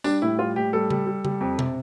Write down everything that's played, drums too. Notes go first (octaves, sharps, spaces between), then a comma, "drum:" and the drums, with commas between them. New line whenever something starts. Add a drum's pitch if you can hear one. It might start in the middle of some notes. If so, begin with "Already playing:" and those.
G3 D4, drum: tambourine
A2 E4
G3 F4
A2 G4
G3 A4
G3, drum: tom C#3
G3
G3, drum: tom C#3
F2
C3, drum: tom B2